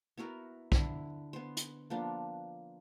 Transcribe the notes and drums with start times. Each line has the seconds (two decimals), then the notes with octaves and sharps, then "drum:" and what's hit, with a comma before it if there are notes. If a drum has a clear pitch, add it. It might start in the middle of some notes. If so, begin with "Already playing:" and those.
0.18 B3 E4 F#4 A#4
0.72 D3 E4, drum: kick
1.33 B3 C5
1.57 drum: hi-hat
1.90 F3 A#3 B3 D4